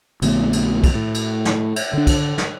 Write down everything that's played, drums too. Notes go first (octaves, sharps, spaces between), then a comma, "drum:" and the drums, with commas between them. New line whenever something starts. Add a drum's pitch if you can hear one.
A#1 D3 A3 B3, drum: cymbal
drum: cymbal
drum: kick B1, cymbal
A2
drum: cymbal
drum: snare
drum: cymbal
D3 D4
drum: kick B1, cymbal
drum: snare